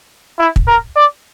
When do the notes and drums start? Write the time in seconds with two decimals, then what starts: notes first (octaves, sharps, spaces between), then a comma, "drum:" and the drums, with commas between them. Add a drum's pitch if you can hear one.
0.39 E4
0.56 drum: kick
0.68 A#4
0.96 D5